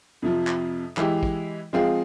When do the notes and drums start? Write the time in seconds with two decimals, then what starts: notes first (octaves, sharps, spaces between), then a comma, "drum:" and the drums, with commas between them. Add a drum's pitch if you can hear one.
0.22 F2 C3 F3
0.47 drum: clap
0.97 E3 G#3 E4 G4, drum: clap
1.23 drum: kick
1.73 F3 G#3 C4 F4 G#4